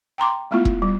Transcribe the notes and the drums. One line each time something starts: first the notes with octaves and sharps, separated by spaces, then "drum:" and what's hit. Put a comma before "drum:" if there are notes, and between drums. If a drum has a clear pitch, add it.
G5 A#5 C6 D6
G#3 A3 B3 E4 F4
drum: kick E1
G3